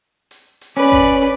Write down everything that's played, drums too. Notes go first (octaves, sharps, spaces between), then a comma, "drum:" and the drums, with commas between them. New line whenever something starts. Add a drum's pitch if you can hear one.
drum: hi-hat
drum: hi-hat
C#4 B4 D5
drum: kick G1, hi-hat